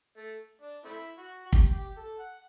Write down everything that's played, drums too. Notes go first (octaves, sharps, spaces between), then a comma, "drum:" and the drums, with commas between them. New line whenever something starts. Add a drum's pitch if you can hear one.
A3
D4
A3 C4 E4
F#4
F#4
G4, drum: kick
G4
A4
F#5